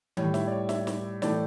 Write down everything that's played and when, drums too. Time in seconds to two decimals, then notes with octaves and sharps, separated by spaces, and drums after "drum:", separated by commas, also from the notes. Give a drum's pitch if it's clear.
0.17 A2 G3 C#5, drum: tom D#3
0.34 E5, drum: snare
0.47 D5
0.52 C#5
0.69 E5, drum: snare
0.87 drum: snare
1.22 A2 E3 A3 D5, drum: snare